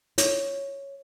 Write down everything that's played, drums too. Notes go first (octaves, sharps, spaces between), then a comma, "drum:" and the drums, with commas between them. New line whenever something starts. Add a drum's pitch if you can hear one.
C#5, drum: hi-hat